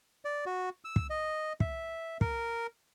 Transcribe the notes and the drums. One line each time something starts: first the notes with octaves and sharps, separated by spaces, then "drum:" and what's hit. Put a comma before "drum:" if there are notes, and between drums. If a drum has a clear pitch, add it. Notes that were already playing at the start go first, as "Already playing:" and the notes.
D5
F#4
E6
drum: kick
D#5
E5, drum: kick
A#4, drum: kick